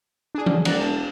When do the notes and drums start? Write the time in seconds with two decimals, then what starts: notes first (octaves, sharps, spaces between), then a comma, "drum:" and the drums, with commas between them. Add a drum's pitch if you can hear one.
0.35 D4 G#4
0.46 drum: tom E3
0.65 E1 D5 F#5 A#5, drum: cymbal
0.80 A5